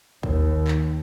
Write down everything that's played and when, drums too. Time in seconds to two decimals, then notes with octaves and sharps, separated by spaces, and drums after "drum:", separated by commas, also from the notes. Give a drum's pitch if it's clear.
0.23 D#2, drum: kick
0.67 drum: clap